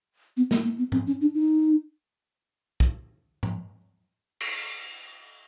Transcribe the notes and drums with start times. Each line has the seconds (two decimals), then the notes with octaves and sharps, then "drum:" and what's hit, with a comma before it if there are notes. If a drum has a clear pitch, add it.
0.37 B3
0.51 A#3, drum: snare
0.64 A#3
0.78 B3
0.92 C4, drum: tom G#2
1.07 C#4
1.21 D4
1.34 D#4
2.80 drum: kick
3.43 drum: tom G#2
4.41 drum: cymbal